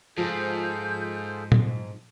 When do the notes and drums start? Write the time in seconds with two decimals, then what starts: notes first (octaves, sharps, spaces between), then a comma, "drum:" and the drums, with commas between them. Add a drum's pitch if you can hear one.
0.18 G#2 F3 F4 G#4 A4 G6
1.52 drum: tom A#2